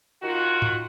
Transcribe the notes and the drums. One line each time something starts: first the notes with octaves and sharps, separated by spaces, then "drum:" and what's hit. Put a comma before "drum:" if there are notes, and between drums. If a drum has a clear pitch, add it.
D#3 F4 F#4
drum: tom G#2